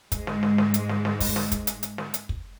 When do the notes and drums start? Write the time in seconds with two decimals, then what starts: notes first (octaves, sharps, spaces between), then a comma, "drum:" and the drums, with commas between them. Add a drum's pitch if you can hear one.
0.12 G#2 G#3, drum: kick, hi-hat
0.27 drum: snare
0.43 drum: snare
0.58 drum: snare
0.74 drum: hi-hat
0.89 drum: snare
1.05 drum: snare
1.20 drum: kick, open hi-hat
1.36 drum: snare
1.52 drum: kick, hi-hat
1.67 drum: hi-hat
1.83 drum: hi-hat
1.98 drum: snare
2.14 drum: hi-hat
2.29 drum: kick